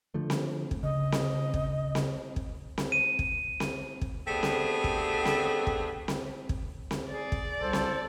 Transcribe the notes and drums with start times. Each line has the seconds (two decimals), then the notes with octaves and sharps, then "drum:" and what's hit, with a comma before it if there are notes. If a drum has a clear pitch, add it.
0.14 D3 F3 A3
0.30 drum: snare C4
0.71 drum: kick
0.83 C#3 D#5
1.12 drum: snare C4
1.54 drum: kick
1.95 drum: snare C4
2.36 drum: kick
2.78 drum: snare C4
2.92 D#7
3.19 drum: kick
3.60 drum: snare C4
4.01 drum: kick
4.26 A3 B3 C4 D4 G4 G#4
4.43 drum: snare C4
4.84 drum: kick
5.25 drum: snare C4
5.67 drum: kick
6.08 drum: snare C4
6.49 drum: kick
6.91 drum: snare C4
7.11 G#4 D5
7.32 drum: kick
7.61 C2 A4 C5
7.73 drum: snare C4